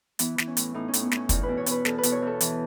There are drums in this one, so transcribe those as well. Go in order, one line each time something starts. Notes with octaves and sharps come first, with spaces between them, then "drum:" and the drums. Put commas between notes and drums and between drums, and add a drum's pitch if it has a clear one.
E3 B3, drum: hi-hat
E3, drum: snare
C#4
A2, drum: hi-hat
A2 D#4
C#4
A2, drum: hi-hat
B3
A2 C#4, drum: snare
E2 D#4, drum: kick, hi-hat
B4
B2
C#5
B2 B4, drum: hi-hat
E2 A4, drum: snare
B4
B2, drum: hi-hat
C#5
E2 A4
E3, drum: hi-hat